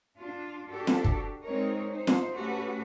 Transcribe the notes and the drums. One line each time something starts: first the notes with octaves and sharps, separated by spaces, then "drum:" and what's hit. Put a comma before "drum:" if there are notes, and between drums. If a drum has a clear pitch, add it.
D4 F4
D4 F#4 G4 A4
drum: snare
drum: kick
G#3 C4 D#4 A#4 C#5 D#5
D#4 C5
drum: snare
A3 C#4 F#4 G4 A4 B4